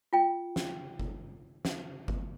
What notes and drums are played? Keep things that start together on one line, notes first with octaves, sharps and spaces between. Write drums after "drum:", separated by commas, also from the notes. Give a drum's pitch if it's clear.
F4 G5
drum: snare
drum: kick G1
drum: snare
drum: kick G1